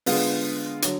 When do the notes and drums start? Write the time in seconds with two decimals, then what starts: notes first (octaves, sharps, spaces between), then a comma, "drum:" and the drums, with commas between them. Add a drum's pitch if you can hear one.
0.06 D3 G#3 B3 F4, drum: open hi-hat
0.82 D3 F#3, drum: hi-hat